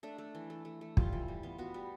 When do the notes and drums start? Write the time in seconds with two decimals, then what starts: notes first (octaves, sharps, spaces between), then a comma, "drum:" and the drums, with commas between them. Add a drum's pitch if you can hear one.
0.03 A3 D4
0.18 A3
0.35 E3
0.50 A3
0.65 A3
0.81 A3
0.97 G3 F4, drum: kick
1.13 E3
1.28 G3
1.43 B3 F4
1.58 B3 F#4
1.74 G3 F#4